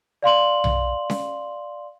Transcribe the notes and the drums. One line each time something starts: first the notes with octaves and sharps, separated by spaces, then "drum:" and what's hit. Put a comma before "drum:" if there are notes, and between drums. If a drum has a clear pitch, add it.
D5 F5 C6 F#7
drum: tom B1
drum: snare C#4